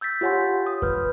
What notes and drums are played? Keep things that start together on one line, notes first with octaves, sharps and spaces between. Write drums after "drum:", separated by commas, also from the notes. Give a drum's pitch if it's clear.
E6 G6 A6 B6
F4 G4 C#5 F#5 G#5 C6
D#6
B4 F6 G6, drum: kick F2